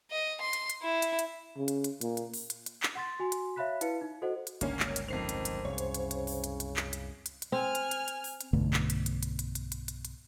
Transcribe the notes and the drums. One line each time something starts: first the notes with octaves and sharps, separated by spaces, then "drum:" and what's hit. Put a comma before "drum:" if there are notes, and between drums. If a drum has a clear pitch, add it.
D#5
C6
drum: hi-hat
drum: hi-hat
E4
drum: hi-hat
drum: hi-hat
C#3
drum: hi-hat
drum: hi-hat
A#2, drum: hi-hat
drum: hi-hat
drum: open hi-hat
drum: hi-hat
drum: hi-hat
drum: clap
F#5 C6 A6
F#4 G#5 C6
drum: hi-hat
C#5 E5 F5 B5 F#6 B6
E4 B4 F5 C#7, drum: hi-hat
D#4
F#4 A4 C5 D#5 F#5
drum: hi-hat
G1 C#2 A#3 C#4, drum: hi-hat
drum: clap
drum: hi-hat
F2 D#3 C5 C7 F7
drum: hi-hat
drum: hi-hat
C2 F#2 C#3 C#5
drum: hi-hat
drum: hi-hat
drum: hi-hat
drum: open hi-hat
drum: hi-hat
drum: hi-hat
drum: clap
drum: hi-hat
drum: hi-hat
drum: hi-hat
C4 G#5 F6
drum: hi-hat
drum: hi-hat
drum: hi-hat
drum: open hi-hat
drum: hi-hat
B1 G2 D3 A3
drum: clap
drum: hi-hat
drum: hi-hat
drum: hi-hat
drum: hi-hat
drum: hi-hat
drum: hi-hat
drum: hi-hat
drum: hi-hat